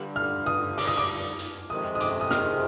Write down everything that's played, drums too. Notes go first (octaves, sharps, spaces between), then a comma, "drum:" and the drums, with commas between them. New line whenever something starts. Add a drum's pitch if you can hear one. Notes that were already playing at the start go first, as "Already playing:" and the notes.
Already playing: G2 D3 G3
F6
D#6
D6, drum: open hi-hat
D#6
D6
drum: hi-hat
F2 C3 D#3 G#3 D#6
D#6
D6, drum: hi-hat
D#6
F6, drum: snare